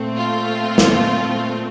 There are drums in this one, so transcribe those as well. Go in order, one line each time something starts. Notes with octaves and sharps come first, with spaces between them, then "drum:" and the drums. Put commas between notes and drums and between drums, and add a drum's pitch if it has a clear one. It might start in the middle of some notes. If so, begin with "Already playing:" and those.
Already playing: A#2 A3 C4
F4
drum: snare